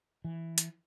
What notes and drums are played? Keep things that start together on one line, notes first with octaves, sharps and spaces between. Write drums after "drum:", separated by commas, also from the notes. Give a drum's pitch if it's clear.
E3
drum: hi-hat